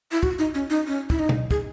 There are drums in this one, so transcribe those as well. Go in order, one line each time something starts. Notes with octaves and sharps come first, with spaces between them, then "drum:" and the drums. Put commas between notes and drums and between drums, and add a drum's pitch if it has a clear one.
E4
F#4, drum: kick
D#4
C#4
D#4
C#4
E4, drum: kick
D#4
drum: tom B2
G#4, drum: kick